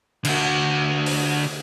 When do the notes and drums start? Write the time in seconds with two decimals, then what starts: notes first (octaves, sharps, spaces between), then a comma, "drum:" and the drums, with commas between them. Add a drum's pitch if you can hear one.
0.25 D3 F#4, drum: cymbal
1.06 drum: open hi-hat